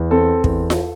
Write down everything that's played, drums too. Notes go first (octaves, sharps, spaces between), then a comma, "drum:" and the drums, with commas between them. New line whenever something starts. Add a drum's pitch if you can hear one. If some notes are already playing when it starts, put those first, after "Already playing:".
Already playing: E2
C4 A4
E2 A4, drum: kick
drum: snare F4